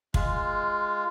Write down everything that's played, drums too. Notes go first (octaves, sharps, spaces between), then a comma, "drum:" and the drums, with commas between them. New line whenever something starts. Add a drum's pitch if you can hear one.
G#3 F4, drum: kick